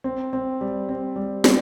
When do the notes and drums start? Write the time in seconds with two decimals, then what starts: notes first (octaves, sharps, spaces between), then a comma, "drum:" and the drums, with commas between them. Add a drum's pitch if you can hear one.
0.04 C4
0.33 C4
0.61 G3
0.89 C4
1.16 G3
1.44 G3, drum: snare